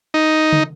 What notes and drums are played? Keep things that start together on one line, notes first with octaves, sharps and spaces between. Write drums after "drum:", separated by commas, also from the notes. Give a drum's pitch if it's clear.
D#4
drum: tom